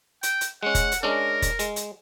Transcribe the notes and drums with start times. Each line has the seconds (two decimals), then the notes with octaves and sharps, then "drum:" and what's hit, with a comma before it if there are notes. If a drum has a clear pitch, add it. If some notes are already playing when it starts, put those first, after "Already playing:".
0.23 G5, drum: hi-hat
0.41 drum: hi-hat
0.63 G#3 C#4 F#5
0.75 drum: kick F1, hi-hat
0.92 drum: hi-hat
1.03 G#3 C#4 D4 A#4
1.42 drum: kick F1, hi-hat
1.59 G#3, drum: hi-hat
1.76 drum: hi-hat